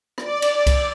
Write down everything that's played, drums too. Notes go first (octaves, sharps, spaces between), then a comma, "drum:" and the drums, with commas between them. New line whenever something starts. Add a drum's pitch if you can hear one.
D5, drum: rim click
drum: cymbal
drum: kick C2, cymbal